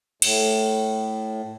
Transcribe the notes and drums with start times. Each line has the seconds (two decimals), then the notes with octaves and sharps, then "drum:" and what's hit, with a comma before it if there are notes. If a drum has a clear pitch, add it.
0.22 A2, drum: cymbal